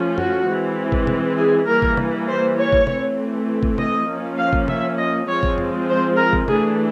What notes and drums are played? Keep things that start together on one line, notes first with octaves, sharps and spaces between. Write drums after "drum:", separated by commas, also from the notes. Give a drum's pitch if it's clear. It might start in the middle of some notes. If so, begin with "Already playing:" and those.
Already playing: F3 A3 C#4
F#4, drum: tom F#2
E3 G#3 C4
drum: kick
drum: tom B2
G#4
E3 G3 A#3 A#4
drum: kick
drum: tom C3
C5
C#5
drum: kick
E3 A3 C4, drum: tom C3
drum: kick
D#5, drum: tom C3
F3 A#3 C#4
F5
drum: kick
E5, drum: tom C3
D#5
F3 G#3 C4 C#5
drum: kick
drum: tom F#2
C5
A#4
drum: kick
E3 A3 D4 G#4, drum: tom C3